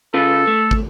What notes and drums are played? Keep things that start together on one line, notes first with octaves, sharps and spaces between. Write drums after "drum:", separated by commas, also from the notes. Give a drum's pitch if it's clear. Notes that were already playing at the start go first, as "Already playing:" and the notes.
C#3 F4 A4 B4
A3
drum: kick